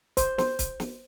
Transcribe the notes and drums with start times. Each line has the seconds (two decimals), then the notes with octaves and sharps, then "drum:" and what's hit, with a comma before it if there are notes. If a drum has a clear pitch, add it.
0.17 C5, drum: kick, hi-hat
0.38 C5, drum: snare
0.59 drum: kick, hi-hat
0.80 drum: snare